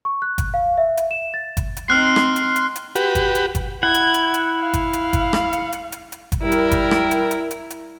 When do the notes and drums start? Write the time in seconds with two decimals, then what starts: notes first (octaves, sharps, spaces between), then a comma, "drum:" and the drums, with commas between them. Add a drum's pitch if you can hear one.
0.05 C#6
0.22 F#6
0.38 drum: kick G1, hi-hat
0.54 F5
0.78 E5
0.97 drum: hi-hat
1.11 E7
1.34 A6
1.57 drum: kick G1, hi-hat
1.77 drum: hi-hat
1.88 C4 D#4 C6 F6 F#6 C7
2.16 drum: rim click
2.36 drum: hi-hat
2.56 drum: hi-hat
2.76 drum: hi-hat
2.95 F#4 G4 B4, drum: hi-hat
3.15 drum: kick G1, hi-hat
3.35 drum: hi-hat
3.55 drum: kick G1, hi-hat
3.83 E4 F#5 G#6
3.94 drum: hi-hat
4.14 drum: hi-hat
4.34 drum: hi-hat
4.60 F5
4.73 drum: kick G1, hi-hat
4.93 drum: hi-hat
5.13 drum: kick G1, hi-hat
5.33 drum: rim click
5.53 drum: hi-hat
5.72 drum: hi-hat
5.92 drum: hi-hat
6.12 drum: hi-hat
6.32 drum: kick G1, hi-hat
6.42 G3 E4 A#4
6.52 drum: hi-hat
6.71 drum: kick G1, hi-hat
6.91 drum: rim click
7.11 drum: hi-hat
7.31 drum: hi-hat
7.51 drum: hi-hat
7.70 drum: hi-hat